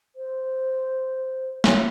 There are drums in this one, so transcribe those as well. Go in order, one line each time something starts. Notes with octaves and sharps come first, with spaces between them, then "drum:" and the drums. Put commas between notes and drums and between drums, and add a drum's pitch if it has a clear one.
C5
C#5, drum: snare